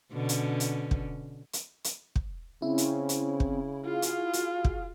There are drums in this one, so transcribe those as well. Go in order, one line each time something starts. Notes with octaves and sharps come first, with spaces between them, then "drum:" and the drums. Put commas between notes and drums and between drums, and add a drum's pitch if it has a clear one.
B2 D3 C#4
drum: hi-hat
drum: hi-hat
drum: kick
drum: hi-hat
drum: hi-hat
drum: kick
C#3 C4 C#4 E4
drum: hi-hat
drum: hi-hat
drum: kick
F4 F#4 G#4 F5
drum: hi-hat
drum: hi-hat
drum: kick